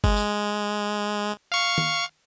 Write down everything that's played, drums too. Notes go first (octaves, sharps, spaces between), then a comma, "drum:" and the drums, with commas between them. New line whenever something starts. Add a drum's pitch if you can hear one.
G#3, drum: kick G1
drum: tambourine
F5 C#6
drum: tom